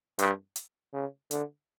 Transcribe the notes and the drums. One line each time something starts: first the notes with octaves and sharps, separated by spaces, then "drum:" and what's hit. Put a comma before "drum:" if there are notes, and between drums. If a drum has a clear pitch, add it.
G2, drum: hi-hat
drum: hi-hat
C#3
D3, drum: hi-hat